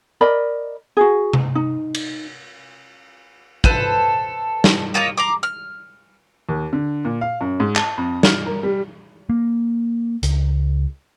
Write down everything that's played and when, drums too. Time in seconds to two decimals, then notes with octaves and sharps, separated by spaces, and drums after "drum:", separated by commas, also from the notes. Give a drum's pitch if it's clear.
0.21 A#4 D5 D#5 B5
0.97 F#4 G#4
1.33 drum: tom C3
1.55 D#4
1.95 drum: cymbal
3.64 A4 B4 C5, drum: kick
4.64 drum: snare
4.94 A#3 F4 C#5 D#5
5.18 A#5 C6 D6
5.43 F6
6.49 D#2
6.73 D3
7.05 A#2
7.21 F5
7.41 F#2
7.60 G#2
7.76 A5, drum: clap
7.98 F2
8.23 F6, drum: snare
8.46 A#4
8.63 G3
9.29 A#3
10.23 C#2, drum: hi-hat